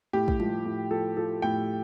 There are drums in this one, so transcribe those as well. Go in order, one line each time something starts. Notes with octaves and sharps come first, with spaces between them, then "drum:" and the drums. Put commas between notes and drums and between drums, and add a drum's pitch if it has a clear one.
A2 G4
drum: kick
F3, drum: tom G3
A2
F3 A4
F3 A4
A2 G5